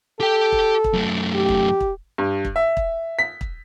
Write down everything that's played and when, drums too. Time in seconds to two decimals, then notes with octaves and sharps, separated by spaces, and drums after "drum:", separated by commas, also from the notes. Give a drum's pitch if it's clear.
0.20 G4 A4 G5
0.52 drum: kick
0.84 drum: kick
0.93 F#2 A3
1.35 G4
1.48 drum: kick
1.81 drum: kick
2.18 G2
2.45 drum: kick
2.56 E5
2.77 drum: kick
3.19 B6
3.41 drum: kick